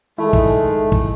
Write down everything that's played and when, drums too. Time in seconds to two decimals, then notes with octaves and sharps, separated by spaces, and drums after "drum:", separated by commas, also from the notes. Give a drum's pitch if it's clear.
0.18 D#3 G#3 A3 E4
0.33 drum: kick
0.92 drum: kick